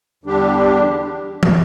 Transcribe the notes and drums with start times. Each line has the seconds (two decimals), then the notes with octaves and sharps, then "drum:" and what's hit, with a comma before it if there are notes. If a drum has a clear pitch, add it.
0.24 E2 D3 G3 D4 G4
1.43 drum: tom